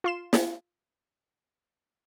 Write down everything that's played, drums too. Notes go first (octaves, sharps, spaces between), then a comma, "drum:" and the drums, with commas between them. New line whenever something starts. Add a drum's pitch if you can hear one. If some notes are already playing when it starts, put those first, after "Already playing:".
F4 C6 E7
drum: snare